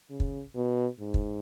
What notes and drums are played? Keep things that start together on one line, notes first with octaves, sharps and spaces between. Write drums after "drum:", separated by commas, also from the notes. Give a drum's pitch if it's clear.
C#3
drum: kick
B2
G#2
drum: kick